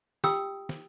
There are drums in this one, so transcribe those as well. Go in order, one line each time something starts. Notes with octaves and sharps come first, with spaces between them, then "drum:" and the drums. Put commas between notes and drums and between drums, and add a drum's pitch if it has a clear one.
F4 G4 G5 D#6 E6, drum: snare
drum: snare